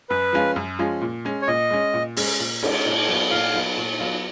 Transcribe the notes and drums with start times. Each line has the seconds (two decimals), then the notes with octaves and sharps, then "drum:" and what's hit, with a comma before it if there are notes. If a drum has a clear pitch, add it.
0.10 F#2 B4
0.33 F3 G#3 C#4 F4
0.56 F#2
0.79 F3 G#3 C#4 F4
1.01 A#2
1.25 G#3 C#4
1.42 C#5
1.48 A#2 D#5
1.71 G#3 C#4
1.94 A#2
2.17 G#3 C#4, drum: open hi-hat
2.40 A#2
2.63 G#3 C#4, drum: cymbal
2.86 A#2
3.09 F#3 B3 F4
3.31 A#2 F5
3.54 F#3 B3 F4
3.77 A#2
4.00 F#3 B3 F4